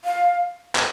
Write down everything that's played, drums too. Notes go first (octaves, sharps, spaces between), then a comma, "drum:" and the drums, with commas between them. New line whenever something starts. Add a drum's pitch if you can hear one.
F5
drum: clap